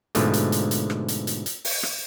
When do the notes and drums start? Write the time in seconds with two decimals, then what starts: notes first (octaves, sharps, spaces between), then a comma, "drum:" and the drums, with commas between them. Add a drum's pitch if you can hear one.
0.15 G#2 B2 D3 F3 G#3 A3, drum: hi-hat
0.33 drum: hi-hat
0.52 drum: hi-hat
0.71 drum: hi-hat
0.90 drum: rim click
1.08 drum: hi-hat
1.27 drum: hi-hat
1.46 drum: hi-hat
1.65 drum: open hi-hat
1.83 drum: rim click